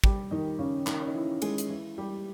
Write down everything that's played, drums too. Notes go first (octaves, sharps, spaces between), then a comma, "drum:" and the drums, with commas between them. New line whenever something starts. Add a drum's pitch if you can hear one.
G3 G4, drum: kick
D#3 D#4
C#3 C#4
D#3 D#4, drum: clap
C#4
D#4
E3 E4
G#3 G#4, drum: cymbal
drum: hi-hat
E3 E4
G3 G4